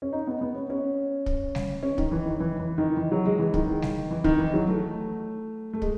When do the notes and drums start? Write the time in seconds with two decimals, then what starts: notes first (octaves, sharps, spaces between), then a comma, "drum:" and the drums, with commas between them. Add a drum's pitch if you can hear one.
0.02 C#4
0.13 D#4
0.27 B3
0.41 B3
0.55 C#4
0.70 C#4
1.26 drum: kick
1.55 drum: snare G3
1.83 C#4
1.98 D#3, drum: kick
2.12 E3
2.26 D#3
2.40 E3
2.59 E3
2.78 D#3
2.97 E3
3.12 F#3
3.25 G#3
3.39 E3
3.54 D#3, drum: kick
3.82 drum: snare G3
4.11 E3
4.24 D#3, drum: kick
4.39 E3
4.54 F#3
4.68 A3
5.73 A3
5.82 G#3, drum: kick